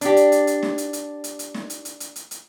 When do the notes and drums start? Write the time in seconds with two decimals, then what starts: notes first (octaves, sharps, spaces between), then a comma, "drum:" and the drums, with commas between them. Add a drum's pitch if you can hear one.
0.01 D4 G4, drum: hi-hat
0.17 drum: hi-hat
0.32 drum: hi-hat
0.47 drum: hi-hat
0.63 drum: snare
0.78 drum: hi-hat
0.93 drum: hi-hat
1.24 drum: hi-hat
1.39 drum: hi-hat
1.54 drum: snare
1.70 drum: hi-hat
1.85 drum: hi-hat
2.00 drum: hi-hat
2.16 drum: hi-hat
2.31 drum: hi-hat